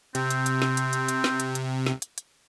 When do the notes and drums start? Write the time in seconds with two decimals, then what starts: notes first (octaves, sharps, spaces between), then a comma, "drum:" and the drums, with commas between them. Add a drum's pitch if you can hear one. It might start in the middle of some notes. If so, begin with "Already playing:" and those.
0.15 C3 C4, drum: hi-hat
0.30 drum: hi-hat
0.46 drum: hi-hat
0.62 drum: snare
0.77 drum: hi-hat
0.93 drum: hi-hat
1.08 drum: hi-hat
1.24 drum: snare
1.40 drum: hi-hat
1.55 drum: hi-hat
1.86 drum: snare
2.02 drum: hi-hat
2.18 drum: hi-hat